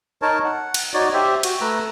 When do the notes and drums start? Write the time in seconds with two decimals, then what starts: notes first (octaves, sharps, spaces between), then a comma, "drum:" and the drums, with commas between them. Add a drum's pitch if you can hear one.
0.22 D#4 A#4 C#5 A5
0.45 F#5
0.74 drum: cymbal
0.94 D#4 F#4 C#5 D5
1.14 G4 C5 E5
1.43 F#4, drum: cymbal
1.61 A3 B4 A#5 E6